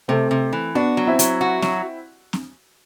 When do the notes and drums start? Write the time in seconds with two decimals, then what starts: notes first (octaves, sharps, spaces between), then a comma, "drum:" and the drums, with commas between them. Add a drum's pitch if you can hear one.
0.08 C3 A3 C4
0.31 C3
0.53 E3
0.75 B3 D4 F#4
0.97 F#3
1.07 C4 E4
1.19 F#3, drum: hi-hat
1.41 F#4
1.62 F#3, drum: snare C4
2.33 drum: snare C4